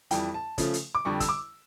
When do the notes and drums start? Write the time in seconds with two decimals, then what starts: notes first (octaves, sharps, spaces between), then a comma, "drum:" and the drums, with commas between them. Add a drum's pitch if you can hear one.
0.11 F2 E3 G3 G5, drum: hi-hat
0.34 A5
0.58 C#3 F3 A3, drum: kick, hi-hat
0.74 drum: hi-hat
0.95 D6
1.05 F2 D3 G3 C#6
1.20 E6, drum: kick, hi-hat
1.29 D6